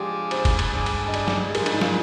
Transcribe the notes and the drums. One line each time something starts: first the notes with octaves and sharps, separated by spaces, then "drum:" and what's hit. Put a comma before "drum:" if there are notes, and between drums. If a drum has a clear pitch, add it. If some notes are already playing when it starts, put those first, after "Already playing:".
Already playing: F3 G#3 D4 G4 G#4 D5
C5, drum: cymbal
drum: kick F#1, cymbal
drum: cymbal
G2 D3 G#3 D4 G#4
drum: cymbal
D#5
D5, drum: cymbal
drum: snare
G#4
G#2 F3 G#3 A#4, drum: cymbal
D4, drum: cymbal
D#4
F4, drum: snare